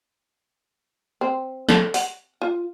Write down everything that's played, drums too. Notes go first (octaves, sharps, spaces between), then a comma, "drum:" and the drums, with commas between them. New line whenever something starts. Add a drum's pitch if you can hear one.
C4
A4, drum: snare
F#5, drum: open hi-hat
F4